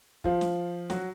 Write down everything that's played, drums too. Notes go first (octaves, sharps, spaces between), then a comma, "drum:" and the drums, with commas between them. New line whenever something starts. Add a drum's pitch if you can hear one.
F3 F4, drum: kick
drum: snare
F#3 F#4, drum: snare